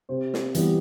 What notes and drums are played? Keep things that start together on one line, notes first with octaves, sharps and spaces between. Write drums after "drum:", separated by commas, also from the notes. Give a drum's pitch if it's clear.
C3 C5
drum: snare
E3 G3 B3, drum: hi-hat